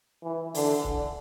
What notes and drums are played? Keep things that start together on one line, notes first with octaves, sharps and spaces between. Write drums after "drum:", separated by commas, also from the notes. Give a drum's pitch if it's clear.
E3
D3, drum: open hi-hat
drum: kick C#1